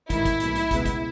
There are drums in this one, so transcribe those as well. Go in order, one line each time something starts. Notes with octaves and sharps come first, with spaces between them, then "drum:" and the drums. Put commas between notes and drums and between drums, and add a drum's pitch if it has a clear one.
A1 G#2 D#3 E4, drum: kick, hi-hat
drum: kick, hi-hat
B1 B2 A3, drum: hi-hat
drum: hi-hat
C#2 B2 G#3 B3, drum: kick, hi-hat
drum: kick, hi-hat